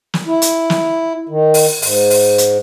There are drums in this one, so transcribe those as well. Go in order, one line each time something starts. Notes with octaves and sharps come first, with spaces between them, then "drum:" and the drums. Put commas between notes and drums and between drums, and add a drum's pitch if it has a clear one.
drum: snare
E4
drum: hi-hat
drum: snare
D#3
drum: open hi-hat
G#2, drum: open hi-hat
drum: open hi-hat
drum: hi-hat